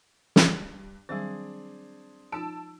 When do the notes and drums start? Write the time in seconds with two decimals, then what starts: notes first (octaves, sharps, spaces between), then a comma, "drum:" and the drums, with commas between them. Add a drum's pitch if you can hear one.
0.36 G2, drum: snare
1.09 D#3 F#3 G3 C4 D4 G#4 A6
2.32 F3 D#4 F4 A5 E6 D7